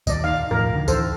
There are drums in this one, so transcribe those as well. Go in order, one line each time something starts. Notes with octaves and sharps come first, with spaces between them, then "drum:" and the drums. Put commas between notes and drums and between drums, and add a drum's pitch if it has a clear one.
D#2 A#2 D5 D#5, drum: kick C2, tambourine
D#3 F5
E1 A2 F3 A#4
D#2 D3 D#3
E3 A4 C5, drum: kick C2, tambourine